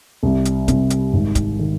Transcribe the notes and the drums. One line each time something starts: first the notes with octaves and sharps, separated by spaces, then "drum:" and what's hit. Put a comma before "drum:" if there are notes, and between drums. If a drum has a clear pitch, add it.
C2 C3 G3 C4
drum: hi-hat
C2 C3 G3 C4, drum: kick, hi-hat
drum: hi-hat
G#1 G#2 D#3
drum: kick, hi-hat
D#3